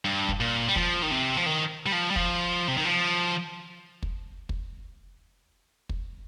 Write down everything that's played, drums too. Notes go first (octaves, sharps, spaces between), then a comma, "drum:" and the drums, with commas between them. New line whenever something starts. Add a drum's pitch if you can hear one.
G2
drum: kick
A#2
G3
F3, drum: kick
D#3
C3
F3
D#3
G3
F3
G3
F3, drum: kick
C3
D#3
F3
drum: kick
drum: kick
drum: kick